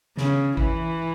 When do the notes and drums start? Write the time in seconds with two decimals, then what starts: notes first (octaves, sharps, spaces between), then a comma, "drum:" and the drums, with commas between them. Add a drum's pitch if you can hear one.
0.17 C#3, drum: snare
0.57 E3, drum: kick G#1